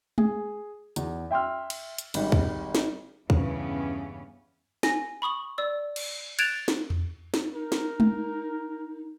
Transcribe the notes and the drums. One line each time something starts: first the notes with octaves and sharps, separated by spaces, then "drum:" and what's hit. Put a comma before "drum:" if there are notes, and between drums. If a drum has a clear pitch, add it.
G#4, drum: tom G#3
E2, drum: hi-hat
E5 G5 C6 E6 F6
drum: cymbal
drum: hi-hat
G#1 G#2 G3, drum: cymbal
drum: kick
drum: snare
E2 G2 C#3 E3 B3 C#4, drum: kick
G#5 A#6, drum: snare
B5 C#6 D#6 F#7
D5 E6
drum: cymbal
F#6 G#6 A6 D7 E7 F7, drum: cymbal
drum: snare
drum: tom E2
drum: snare
D#4 A#4
drum: snare
drum: tom G#3